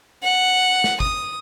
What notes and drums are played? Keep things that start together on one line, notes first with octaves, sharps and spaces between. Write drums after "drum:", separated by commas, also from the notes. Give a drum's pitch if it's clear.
F#5
drum: snare
D#6, drum: kick